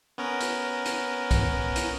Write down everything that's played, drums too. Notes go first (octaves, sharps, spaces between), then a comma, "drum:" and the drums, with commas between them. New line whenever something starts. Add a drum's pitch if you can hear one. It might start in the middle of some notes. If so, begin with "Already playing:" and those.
B3 C#4 A#4
drum: hi-hat
drum: hi-hat
drum: kick B1, hi-hat
drum: hi-hat